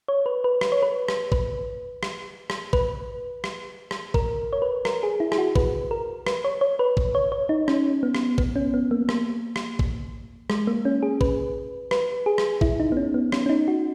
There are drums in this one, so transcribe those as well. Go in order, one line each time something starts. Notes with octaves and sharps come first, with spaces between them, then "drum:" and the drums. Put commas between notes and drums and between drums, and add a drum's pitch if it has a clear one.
C#5
B4
B4
B4, drum: rim click
C#5
B4
drum: rim click
B4, drum: kick
drum: rim click
drum: rim click
B4, drum: kick
drum: rim click
drum: rim click
A#4, drum: kick
C#5
B4
A#4, drum: rim click
G#4
E4
G#4, drum: rim click
F#4
B4, drum: kick
A#4
B4, drum: rim click
C#5
C#5
B4
drum: kick
C#5
C#5
D#4
C#4, drum: rim click
B3
drum: rim click
B3, drum: kick
C#4
B3
A#3
A#3, drum: rim click
drum: rim click
drum: kick
G#3, drum: rim click
A#3
C#4
G#4
B4, drum: kick
B4, drum: rim click
G#4
drum: rim click
E4, drum: kick
D#4
B3
C#4
B3
C#4, drum: rim click
C#4
D#4
F#4